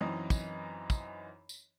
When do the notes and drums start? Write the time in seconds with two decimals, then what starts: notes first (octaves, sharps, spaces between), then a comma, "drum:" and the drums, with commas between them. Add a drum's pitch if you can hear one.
0.01 F#2 E3 C4 D#4 D#5 D#6
0.30 drum: kick, tambourine
0.90 drum: kick, tambourine
1.49 drum: tambourine